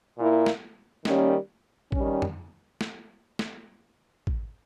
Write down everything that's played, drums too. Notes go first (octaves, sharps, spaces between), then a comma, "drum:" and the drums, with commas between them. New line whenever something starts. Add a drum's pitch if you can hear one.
A#2 A#3 E4
drum: snare
D#3 G3 A#3 C#4, drum: snare
D#3 G3 C#4, drum: kick
drum: tom
drum: snare
drum: snare
drum: kick